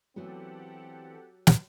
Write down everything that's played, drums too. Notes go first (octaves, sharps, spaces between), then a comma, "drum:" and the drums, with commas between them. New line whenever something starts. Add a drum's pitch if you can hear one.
E3 F#3 A3 B3 C4 G4 A4 F#5
drum: snare